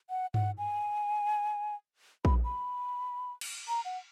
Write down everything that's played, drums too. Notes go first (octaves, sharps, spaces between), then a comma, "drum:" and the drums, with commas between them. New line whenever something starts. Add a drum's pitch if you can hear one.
F#5
F#5, drum: tom G2
G#5
B5, drum: kick
B5
drum: cymbal
A#5
F#5